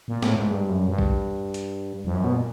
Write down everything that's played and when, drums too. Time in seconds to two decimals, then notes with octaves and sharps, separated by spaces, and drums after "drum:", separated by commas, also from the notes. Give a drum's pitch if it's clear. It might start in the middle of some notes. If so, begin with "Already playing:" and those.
0.08 A#2
0.22 A2, drum: snare B3
0.36 G#2
0.50 G2
0.69 F#2
0.89 G2
0.99 drum: kick
1.54 drum: hi-hat
2.05 F2
2.14 F#2
2.24 B2
2.33 A#2